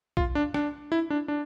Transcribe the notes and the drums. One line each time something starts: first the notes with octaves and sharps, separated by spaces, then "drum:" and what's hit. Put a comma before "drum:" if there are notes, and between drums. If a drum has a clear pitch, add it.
F4, drum: kick B1
D4
D4, drum: rim click
E4
D4
D4